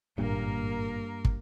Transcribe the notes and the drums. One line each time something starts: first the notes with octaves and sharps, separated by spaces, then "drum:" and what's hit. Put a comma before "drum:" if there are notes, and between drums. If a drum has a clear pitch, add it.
G#1 G2 A#2 A#3 A#4
drum: kick